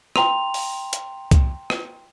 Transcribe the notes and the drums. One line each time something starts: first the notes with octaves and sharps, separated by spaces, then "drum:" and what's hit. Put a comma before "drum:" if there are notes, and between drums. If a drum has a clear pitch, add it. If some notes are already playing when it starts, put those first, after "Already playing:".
G5 A#5 C6 F7, drum: rim click
drum: open hi-hat
drum: hi-hat
drum: kick C2, hi-hat
drum: rim click